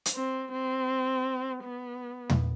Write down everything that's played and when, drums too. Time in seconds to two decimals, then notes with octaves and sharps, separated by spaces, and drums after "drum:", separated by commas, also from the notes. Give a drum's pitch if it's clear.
0.06 drum: hi-hat
0.16 C4
0.52 C4
1.64 B3
2.30 drum: tom